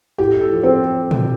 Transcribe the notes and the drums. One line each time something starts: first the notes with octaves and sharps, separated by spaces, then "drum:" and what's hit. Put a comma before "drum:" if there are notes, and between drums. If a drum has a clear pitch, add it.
A2 G4
A4
F3
C4
drum: tom